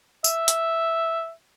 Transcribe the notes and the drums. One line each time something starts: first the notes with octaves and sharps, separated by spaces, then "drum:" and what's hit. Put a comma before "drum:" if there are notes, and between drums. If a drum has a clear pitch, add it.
E5, drum: tambourine
drum: hi-hat